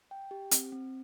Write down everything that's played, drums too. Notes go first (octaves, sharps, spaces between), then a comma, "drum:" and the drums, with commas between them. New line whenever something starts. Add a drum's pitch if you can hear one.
G5
G4
C4, drum: hi-hat
C4